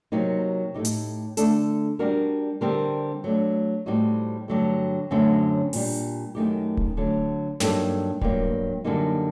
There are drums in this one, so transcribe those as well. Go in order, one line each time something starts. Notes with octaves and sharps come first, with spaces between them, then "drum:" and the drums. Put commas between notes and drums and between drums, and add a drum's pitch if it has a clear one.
C3 F#3 A#3 D#4
A2 A3 D#4 G4
drum: hi-hat
D3 A3 D4 A4, drum: hi-hat
G3 D4 F#4 A#4
D3 G3 C4 G4 A#4
F#3 A3 D4
A2 G3 C4 D#4 F#4
G2 D3 F#3 A3
F#2 D3 F#3 A3 C4
A#2 G3 D4, drum: open hi-hat
F#2 D#3 A3 D#4 G4
drum: kick D1
D3 F#3 A3
G2 F#3 A#3 D#4 A4, drum: snare
G2 F#3 A#3, drum: kick D1
F#2 D3 G3 A#3 D#4